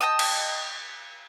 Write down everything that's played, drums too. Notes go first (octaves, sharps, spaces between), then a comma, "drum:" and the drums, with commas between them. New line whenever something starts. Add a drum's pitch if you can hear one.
D#5 G5 A5 D#6
drum: cymbal